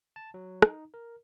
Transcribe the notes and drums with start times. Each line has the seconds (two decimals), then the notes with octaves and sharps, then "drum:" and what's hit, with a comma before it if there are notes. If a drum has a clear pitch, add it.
0.16 A5
0.34 F#3
0.62 D#4, drum: rim click
0.94 A#4